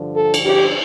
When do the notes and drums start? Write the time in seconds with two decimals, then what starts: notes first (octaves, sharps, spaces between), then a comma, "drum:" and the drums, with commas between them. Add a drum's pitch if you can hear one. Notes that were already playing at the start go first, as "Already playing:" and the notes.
Already playing: G2 D3 F3
0.16 A4
0.34 drum: cymbal
0.46 G4, drum: cymbal